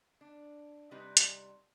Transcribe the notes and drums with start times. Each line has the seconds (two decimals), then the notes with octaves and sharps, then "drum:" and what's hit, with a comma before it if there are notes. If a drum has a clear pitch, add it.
0.21 D4
0.91 C3 G3 C4 D#4 B4 D#5
1.17 drum: hi-hat